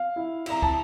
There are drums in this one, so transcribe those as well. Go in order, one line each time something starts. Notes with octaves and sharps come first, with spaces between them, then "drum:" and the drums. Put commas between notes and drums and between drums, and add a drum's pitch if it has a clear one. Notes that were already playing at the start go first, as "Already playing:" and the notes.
Already playing: F5
E4
E4 A#5, drum: cymbal
A5, drum: kick